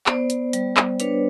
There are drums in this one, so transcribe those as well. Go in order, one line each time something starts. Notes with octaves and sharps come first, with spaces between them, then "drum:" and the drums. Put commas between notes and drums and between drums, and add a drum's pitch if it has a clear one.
B3 C5 D5, drum: clap
drum: hi-hat
G3, drum: hi-hat
drum: clap
D4 B4 C#5, drum: hi-hat